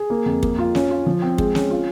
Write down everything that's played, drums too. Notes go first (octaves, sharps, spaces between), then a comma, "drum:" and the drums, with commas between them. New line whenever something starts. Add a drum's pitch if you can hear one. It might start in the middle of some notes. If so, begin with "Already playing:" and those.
Already playing: G#4
A#3
F2
A#3, drum: kick
F4
C#4, drum: snare
F4
F3
C4
G#3, drum: kick
C#4, drum: snare
F4